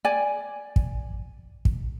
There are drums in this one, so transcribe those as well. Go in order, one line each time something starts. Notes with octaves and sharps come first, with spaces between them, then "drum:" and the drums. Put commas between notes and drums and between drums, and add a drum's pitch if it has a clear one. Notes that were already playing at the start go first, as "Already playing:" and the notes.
D5 G#5
drum: kick
drum: kick